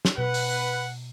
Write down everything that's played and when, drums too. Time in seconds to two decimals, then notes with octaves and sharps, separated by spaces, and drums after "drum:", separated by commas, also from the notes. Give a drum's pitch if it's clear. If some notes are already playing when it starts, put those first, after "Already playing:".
0.05 drum: snare
0.18 B2 B4 F#5
0.34 drum: open hi-hat